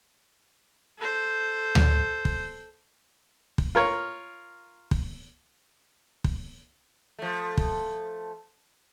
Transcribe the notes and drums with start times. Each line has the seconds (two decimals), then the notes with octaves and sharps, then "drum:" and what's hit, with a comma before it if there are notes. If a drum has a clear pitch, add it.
0.98 A4 C5
1.75 drum: tom D2
2.25 drum: kick
3.58 drum: kick
3.75 F4 A#4 C#5
4.91 drum: kick
6.24 drum: kick
7.19 F3 A3
7.58 drum: kick